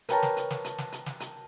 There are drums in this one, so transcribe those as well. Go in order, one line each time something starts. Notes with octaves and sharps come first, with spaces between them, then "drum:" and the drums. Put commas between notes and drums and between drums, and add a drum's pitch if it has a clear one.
A#4 B4 C#5 G5 A5 A#5, drum: hi-hat
drum: snare
drum: hi-hat
drum: snare
drum: hi-hat
drum: snare
drum: hi-hat
drum: snare
drum: hi-hat